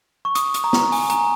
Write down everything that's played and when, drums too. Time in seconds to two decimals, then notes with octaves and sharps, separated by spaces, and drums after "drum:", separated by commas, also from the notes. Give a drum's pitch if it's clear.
0.25 C#6
0.35 D#6, drum: hi-hat
0.54 drum: hi-hat
0.64 A#5
0.73 drum: snare
0.92 G#5, drum: open hi-hat
1.10 A#5, drum: hi-hat